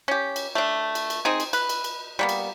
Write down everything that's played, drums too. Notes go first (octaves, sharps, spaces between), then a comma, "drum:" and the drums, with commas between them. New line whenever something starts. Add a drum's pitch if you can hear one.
C#4 G4
drum: cymbal
A3 D4
drum: cymbal
drum: cymbal
C4 D#4 G#4
drum: cymbal
B4, drum: cymbal
drum: cymbal
drum: cymbal
G3 A#3 B3
drum: cymbal